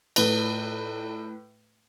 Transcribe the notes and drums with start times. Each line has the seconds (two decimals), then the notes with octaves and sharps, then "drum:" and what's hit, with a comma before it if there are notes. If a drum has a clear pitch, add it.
0.16 A2 B4, drum: cymbal